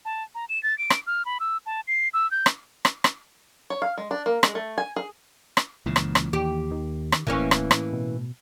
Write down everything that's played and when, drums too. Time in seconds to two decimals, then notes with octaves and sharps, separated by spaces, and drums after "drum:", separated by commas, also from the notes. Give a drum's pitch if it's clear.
0.05 A5
0.35 A#5
0.49 E7
0.63 A6
0.78 D7
0.90 drum: rim click
1.07 F6
1.25 B5
1.40 E6
1.66 A5
1.88 C7
2.14 E6
2.31 G6
2.46 drum: rim click
2.85 drum: rim click
3.04 drum: rim click
3.70 C#5
3.82 F5
3.98 G#3
4.11 D4
4.26 A#3
4.43 G#3, drum: rim click
4.55 A3
4.78 G#5
4.96 G#4
5.57 drum: rim click
5.86 C#2 A#2 C#3 E3
5.96 drum: rim click
6.15 drum: rim click
6.33 D#2 G4
6.71 D#3
7.12 drum: rim click
7.27 D1 A2 E3 A#3 C#4
7.51 drum: rim click
7.71 drum: rim click
7.93 B2